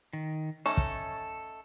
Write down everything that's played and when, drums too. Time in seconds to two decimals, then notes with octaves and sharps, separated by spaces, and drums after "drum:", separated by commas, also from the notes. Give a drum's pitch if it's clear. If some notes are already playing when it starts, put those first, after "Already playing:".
0.13 D#3
0.66 A3 C#4 D#4 A4 C#6
0.77 drum: kick